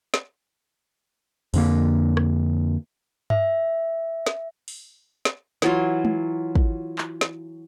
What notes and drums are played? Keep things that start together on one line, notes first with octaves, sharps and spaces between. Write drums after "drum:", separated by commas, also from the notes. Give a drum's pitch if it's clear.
drum: snare
F2 D3 A#3, drum: open hi-hat
drum: rim click
E5, drum: tom G2
drum: snare
drum: open hi-hat
drum: snare
E3 F#3 F4, drum: snare
drum: tom
drum: kick
drum: clap
drum: snare